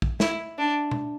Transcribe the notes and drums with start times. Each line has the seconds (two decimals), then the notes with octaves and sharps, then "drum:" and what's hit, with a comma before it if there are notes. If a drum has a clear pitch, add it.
0.02 drum: kick
0.20 E4, drum: snare
0.59 D4
0.91 drum: tom B2